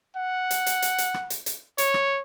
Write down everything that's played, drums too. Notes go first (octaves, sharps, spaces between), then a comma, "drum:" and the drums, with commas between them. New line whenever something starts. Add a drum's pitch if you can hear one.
F#5
drum: hi-hat
drum: hi-hat
drum: hi-hat
drum: hi-hat
drum: rim click
drum: hi-hat
drum: hi-hat
C#5, drum: hi-hat
drum: rim click